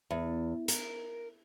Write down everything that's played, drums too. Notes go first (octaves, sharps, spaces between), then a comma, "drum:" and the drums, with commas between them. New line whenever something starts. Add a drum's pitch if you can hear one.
E2
A#4, drum: hi-hat